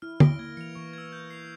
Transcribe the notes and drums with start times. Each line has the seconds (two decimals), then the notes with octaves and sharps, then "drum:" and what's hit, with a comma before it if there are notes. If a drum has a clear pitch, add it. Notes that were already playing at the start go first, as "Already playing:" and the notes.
0.02 E4 F6
0.20 A#6 D7 G7, drum: tom
0.39 A#3 G#6
0.57 E3 C#7 F7
0.75 E3 C#6
0.93 E6 G#6
1.12 G6
1.30 C7 F7